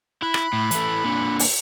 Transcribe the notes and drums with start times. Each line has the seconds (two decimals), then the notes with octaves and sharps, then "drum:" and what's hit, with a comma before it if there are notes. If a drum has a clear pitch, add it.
0.22 E4 B5 F#6
0.34 drum: rim click
0.53 A2
0.71 E3 A3, drum: hi-hat
1.04 A#2 D3
1.39 drum: open hi-hat